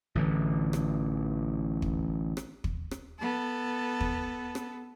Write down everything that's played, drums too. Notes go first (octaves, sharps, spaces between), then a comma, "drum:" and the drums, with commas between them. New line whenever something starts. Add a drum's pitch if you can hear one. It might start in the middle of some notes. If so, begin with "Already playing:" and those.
A1 D3 E3
drum: rim click
drum: kick
drum: rim click
drum: kick
drum: rim click
B3 A4
drum: kick
drum: rim click